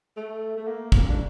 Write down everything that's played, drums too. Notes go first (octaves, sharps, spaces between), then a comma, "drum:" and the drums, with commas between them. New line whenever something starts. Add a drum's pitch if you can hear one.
A3
A3
A#3
drum: kick
D4